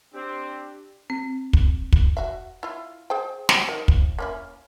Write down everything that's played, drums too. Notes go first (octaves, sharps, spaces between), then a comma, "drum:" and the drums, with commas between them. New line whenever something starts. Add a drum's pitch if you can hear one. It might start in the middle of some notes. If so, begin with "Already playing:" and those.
C4 D4 G4
C4
drum: kick
drum: kick
F#4 E5
E4 F4
G#4 C5 G5
F#3 G4 C5, drum: snare
D#3 F3
drum: kick
A#3 C#4 E4